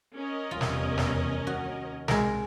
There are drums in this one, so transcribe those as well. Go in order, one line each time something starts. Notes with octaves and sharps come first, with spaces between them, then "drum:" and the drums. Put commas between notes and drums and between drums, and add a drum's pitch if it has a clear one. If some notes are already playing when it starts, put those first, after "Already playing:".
C#4 A#4 D#5
F1 E2 G3 F4
drum: snare
drum: snare
D#2 F#4
C2 G#3 A#4, drum: snare